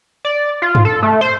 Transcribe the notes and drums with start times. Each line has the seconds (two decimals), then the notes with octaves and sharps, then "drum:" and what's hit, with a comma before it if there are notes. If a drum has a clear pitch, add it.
0.25 D5
0.62 F4
0.75 drum: tom G2
0.85 A4
1.03 A3
1.21 C5